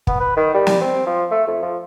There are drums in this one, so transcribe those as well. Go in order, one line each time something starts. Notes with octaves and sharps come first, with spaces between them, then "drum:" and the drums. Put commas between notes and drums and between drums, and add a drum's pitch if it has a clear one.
B3, drum: kick
B4
D#3
G3
drum: snare
C4
F3
A3
F2
F3